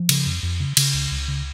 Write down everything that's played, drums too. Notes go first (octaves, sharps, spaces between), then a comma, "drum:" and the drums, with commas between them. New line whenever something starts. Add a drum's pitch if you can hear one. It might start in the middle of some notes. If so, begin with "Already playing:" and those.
Already playing: F3
C#3, drum: cymbal
F2
F2
C#3
C#3, drum: cymbal
C#2
C#2
C#3